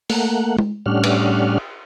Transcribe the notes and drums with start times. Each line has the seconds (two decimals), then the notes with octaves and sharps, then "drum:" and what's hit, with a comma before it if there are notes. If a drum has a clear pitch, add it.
0.10 A3 A#3 F#5, drum: open hi-hat
0.58 drum: tom G#3
0.86 A2 G3 C#4 D4 F#5 F6
1.04 drum: cymbal